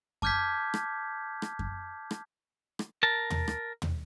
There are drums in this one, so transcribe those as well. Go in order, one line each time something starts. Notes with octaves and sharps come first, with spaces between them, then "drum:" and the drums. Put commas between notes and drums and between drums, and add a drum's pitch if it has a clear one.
A5 D6 F6 G6 G#6 B6, drum: kick F#2
drum: rim click
drum: rim click
drum: kick F#2
drum: rim click
drum: rim click
A#4 A5
drum: tom
drum: rim click
drum: tom